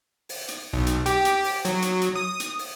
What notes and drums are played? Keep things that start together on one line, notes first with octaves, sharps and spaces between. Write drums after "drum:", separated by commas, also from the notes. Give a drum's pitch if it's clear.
drum: open hi-hat
drum: hi-hat
B1
drum: hi-hat
G4, drum: hi-hat
drum: hi-hat
drum: open hi-hat
F#3, drum: hi-hat
drum: hi-hat
drum: hi-hat
D#6
drum: hi-hat
drum: open hi-hat